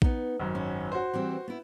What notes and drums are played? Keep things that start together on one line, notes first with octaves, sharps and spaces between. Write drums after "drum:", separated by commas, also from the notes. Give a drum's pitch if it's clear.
B3 D#4, drum: kick A#1
G#1 F#2
C#4
F#4 C5
E3 G3 C4
B3 E4